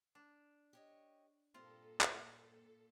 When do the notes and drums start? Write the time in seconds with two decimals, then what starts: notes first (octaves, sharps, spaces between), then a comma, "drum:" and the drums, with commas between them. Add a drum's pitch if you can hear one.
0.15 D4
0.73 G4 C#5 D#5
1.54 G2 A#2 C4 F4 A4 A#4
2.01 drum: clap